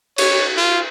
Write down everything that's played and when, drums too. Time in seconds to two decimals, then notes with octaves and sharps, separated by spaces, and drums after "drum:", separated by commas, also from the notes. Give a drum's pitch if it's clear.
0.18 C#5, drum: cymbal
0.57 F4